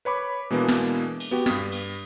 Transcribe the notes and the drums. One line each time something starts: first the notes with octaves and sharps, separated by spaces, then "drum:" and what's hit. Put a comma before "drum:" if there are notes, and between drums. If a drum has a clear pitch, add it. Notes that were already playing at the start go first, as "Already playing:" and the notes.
B4 C#5 B5 D6
B2 E3 G#3 A#3 B3 D4
drum: snare
drum: cymbal
B3 F#4 G4
G2 D#6 B6, drum: snare
drum: cymbal